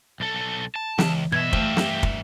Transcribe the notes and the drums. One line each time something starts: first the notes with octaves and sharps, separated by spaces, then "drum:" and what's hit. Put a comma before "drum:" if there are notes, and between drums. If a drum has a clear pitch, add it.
B1 A4
A5
C#2 E3, drum: snare
G2 B2 E5 G#6
A3 G4 C5 F5, drum: kick
drum: snare
drum: kick